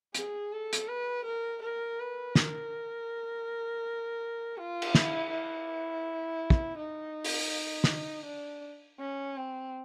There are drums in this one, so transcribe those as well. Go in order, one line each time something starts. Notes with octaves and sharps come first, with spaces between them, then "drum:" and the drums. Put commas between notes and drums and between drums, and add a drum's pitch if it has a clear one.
G#4, drum: hi-hat
A4
drum: hi-hat
B4
A#4
A#4
B4
A#4, drum: snare
F4
drum: cymbal
E4, drum: snare
E4
drum: kick
D#4
drum: open hi-hat
drum: snare
D4
C#4
C4